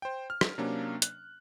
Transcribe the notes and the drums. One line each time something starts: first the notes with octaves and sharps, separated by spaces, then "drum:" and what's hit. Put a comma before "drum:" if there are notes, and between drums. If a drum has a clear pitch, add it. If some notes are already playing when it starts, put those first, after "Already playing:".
C5 G5
F6
drum: rim click
C3 F#3 A#3 C#4 D4
F#6, drum: hi-hat